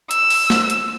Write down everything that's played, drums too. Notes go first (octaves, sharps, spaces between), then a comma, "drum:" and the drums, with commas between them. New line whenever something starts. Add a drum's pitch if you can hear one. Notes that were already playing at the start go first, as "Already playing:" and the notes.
E6, drum: hi-hat
drum: open hi-hat
drum: snare
drum: hi-hat